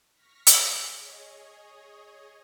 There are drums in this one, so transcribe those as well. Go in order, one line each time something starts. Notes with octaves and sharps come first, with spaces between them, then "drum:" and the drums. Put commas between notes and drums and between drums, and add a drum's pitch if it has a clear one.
C#6 F6 A#6 B6
drum: hi-hat
G#4 C#5 D#5